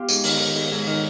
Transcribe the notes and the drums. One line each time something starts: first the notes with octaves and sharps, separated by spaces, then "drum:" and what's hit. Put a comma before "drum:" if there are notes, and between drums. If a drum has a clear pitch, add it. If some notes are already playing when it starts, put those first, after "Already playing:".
Already playing: B3 F4 G4
G#2, drum: tambourine
D#3, drum: open hi-hat
D#3
G#2
G#2
D#3